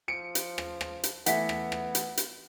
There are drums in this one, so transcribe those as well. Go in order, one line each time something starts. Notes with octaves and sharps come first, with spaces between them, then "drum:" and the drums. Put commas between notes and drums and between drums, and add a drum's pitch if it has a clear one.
F3 C#7 D7
drum: hi-hat
drum: rim click
drum: rim click
drum: hi-hat
E3 A3 B3 F#5 B6, drum: hi-hat
drum: rim click
drum: rim click
drum: hi-hat
drum: hi-hat